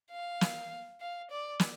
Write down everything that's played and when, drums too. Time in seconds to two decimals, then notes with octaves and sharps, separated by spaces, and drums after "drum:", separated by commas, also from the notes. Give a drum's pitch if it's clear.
0.11 F5
0.41 drum: snare
1.01 F5
1.31 D5
1.60 drum: snare